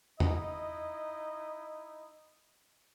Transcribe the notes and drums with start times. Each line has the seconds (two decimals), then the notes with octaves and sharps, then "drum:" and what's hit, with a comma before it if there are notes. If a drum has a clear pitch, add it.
0.20 D#4 E4 D#5, drum: tom E2